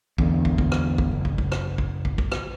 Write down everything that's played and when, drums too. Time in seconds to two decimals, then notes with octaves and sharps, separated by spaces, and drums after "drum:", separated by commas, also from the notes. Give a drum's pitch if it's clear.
0.18 E2 D3, drum: kick
0.45 drum: kick
0.58 drum: kick
0.72 drum: rim click
0.98 drum: kick
1.11 F#1
1.25 drum: kick
1.38 drum: kick
1.52 drum: rim click
1.78 drum: kick
2.05 drum: kick
2.18 drum: kick
2.32 drum: rim click